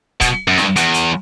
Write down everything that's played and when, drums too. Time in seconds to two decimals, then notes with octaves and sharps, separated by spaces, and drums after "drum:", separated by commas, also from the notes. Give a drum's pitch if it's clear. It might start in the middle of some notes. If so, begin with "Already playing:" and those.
0.21 B2, drum: kick, hi-hat
0.48 F#2
0.58 G2, drum: snare
0.76 E2, drum: hi-hat
0.94 drum: hi-hat